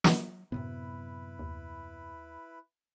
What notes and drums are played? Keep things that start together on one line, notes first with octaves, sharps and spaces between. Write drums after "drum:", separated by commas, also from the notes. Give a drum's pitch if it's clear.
F#3, drum: snare
F#2 A2 C3 B3 E4 B4
D#2